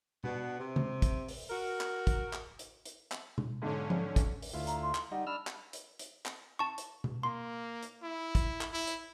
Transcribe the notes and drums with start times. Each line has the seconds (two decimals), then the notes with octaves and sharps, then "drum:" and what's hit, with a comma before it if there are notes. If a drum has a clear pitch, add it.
0.24 B2 B3 D4, drum: tom B2
0.59 C3
0.76 drum: tom C3
1.02 drum: kick, hi-hat
1.28 drum: open hi-hat
1.50 F#4 A#4
1.81 drum: clap
2.07 drum: kick, hi-hat
2.33 drum: clap
2.59 drum: hi-hat
2.85 drum: hi-hat
3.12 drum: clap
3.38 drum: tom B2
3.62 B1 G#2 D3 C#4
3.90 drum: tom F3
4.16 drum: kick, hi-hat
4.42 drum: open hi-hat
4.54 D2 E4 F4
4.67 A#5, drum: hi-hat
4.83 C6
4.95 drum: clap
5.12 G3 D#4 F#5
5.27 D4 B5 E6 F6
5.47 drum: clap
5.73 drum: hi-hat
5.99 drum: hi-hat
6.26 drum: clap
6.59 A5 C#6
6.78 drum: hi-hat
7.04 drum: tom B2
7.23 A#3 C6
7.83 drum: hi-hat
8.03 E4
8.35 drum: kick, hi-hat
8.61 drum: clap
8.73 E4
8.87 drum: hi-hat